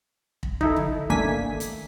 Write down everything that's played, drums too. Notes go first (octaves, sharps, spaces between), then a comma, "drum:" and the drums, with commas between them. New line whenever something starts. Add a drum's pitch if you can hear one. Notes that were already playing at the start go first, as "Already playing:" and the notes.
drum: kick
D#4 E4 A4, drum: kick
drum: tom C#3
G#1 A3 A#3 D4 G#5 B6, drum: kick
drum: hi-hat